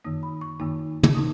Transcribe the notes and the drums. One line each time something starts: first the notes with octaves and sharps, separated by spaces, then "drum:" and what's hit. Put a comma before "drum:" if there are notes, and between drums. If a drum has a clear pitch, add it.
F#2 D#3 A#3 D#4 D#6
B5
C#6
F#2 D#3 A#3 D#4
drum: tom
B2 A#3 D#4 D#6